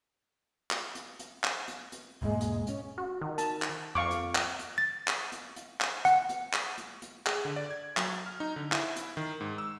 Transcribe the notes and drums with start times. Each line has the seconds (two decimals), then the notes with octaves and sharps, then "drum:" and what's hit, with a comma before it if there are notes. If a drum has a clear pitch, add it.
0.71 drum: clap
0.95 drum: hi-hat
1.19 drum: hi-hat
1.44 drum: clap
1.68 drum: hi-hat
1.92 drum: hi-hat
2.22 E1 G#2 G#3 A#3
2.41 drum: hi-hat
2.67 C#4, drum: hi-hat
2.98 F#4
3.21 D#3
3.38 A5, drum: hi-hat
3.62 drum: clap
3.95 F2 F5 C#6 D6
4.11 drum: hi-hat
4.35 drum: clap
4.59 drum: hi-hat
4.78 A6
5.08 drum: clap
5.32 drum: hi-hat
5.56 drum: hi-hat
5.81 drum: clap
6.05 F#5, drum: hi-hat
6.29 drum: hi-hat
6.53 drum: clap
6.78 drum: hi-hat
7.02 drum: hi-hat
7.26 G#4, drum: clap
7.45 D3
7.56 D5
7.71 G#6
7.97 F#3, drum: clap
8.26 F6
8.40 D#4
8.56 D3
8.72 E4, drum: clap
8.96 drum: hi-hat
9.17 D#3
9.41 G#2
9.58 E6